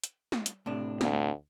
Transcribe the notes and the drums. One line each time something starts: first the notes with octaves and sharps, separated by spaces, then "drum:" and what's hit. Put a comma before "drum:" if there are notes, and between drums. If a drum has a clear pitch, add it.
drum: hi-hat
drum: snare
drum: hi-hat
A2 C3 D4
D2, drum: snare